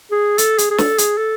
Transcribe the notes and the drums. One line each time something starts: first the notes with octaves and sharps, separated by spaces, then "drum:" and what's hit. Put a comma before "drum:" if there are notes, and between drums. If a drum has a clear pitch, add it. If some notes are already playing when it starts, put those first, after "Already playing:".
G#4
A4, drum: hi-hat
G#4, drum: hi-hat
G#4
A4, drum: snare
G#4, drum: hi-hat
A4